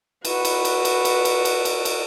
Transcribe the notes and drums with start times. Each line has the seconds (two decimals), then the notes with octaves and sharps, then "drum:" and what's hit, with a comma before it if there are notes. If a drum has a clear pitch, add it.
0.25 F#4 B4, drum: cymbal
0.45 drum: cymbal
0.65 drum: cymbal
0.85 drum: cymbal
1.05 drum: cymbal
1.25 drum: cymbal
1.45 drum: cymbal
1.65 drum: cymbal
1.85 drum: cymbal